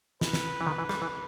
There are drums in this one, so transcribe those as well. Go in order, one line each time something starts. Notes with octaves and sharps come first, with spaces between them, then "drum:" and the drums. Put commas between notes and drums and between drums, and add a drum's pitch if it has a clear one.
B4, drum: snare
drum: snare
E3
D#3
E3
G3, drum: rim click
E3